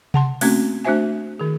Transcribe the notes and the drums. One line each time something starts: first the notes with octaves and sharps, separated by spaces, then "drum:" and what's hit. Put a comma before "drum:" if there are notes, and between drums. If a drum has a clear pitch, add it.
F#5 A5 C6, drum: tom C3
A3 A#3 C4 C#4 F#4, drum: open hi-hat
A3 D4 F#4 C5 E5 G#5
D#3 G#4